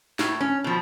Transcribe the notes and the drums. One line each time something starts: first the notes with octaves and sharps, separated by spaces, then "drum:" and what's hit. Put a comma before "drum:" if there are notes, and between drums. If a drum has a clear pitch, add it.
A2, drum: snare
C#4
B2 F3